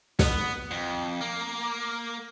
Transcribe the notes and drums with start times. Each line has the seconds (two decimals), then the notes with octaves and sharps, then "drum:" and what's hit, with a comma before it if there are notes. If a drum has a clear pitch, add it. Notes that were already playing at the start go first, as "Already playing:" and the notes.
0.19 B3, drum: snare
0.71 F2
1.21 A#3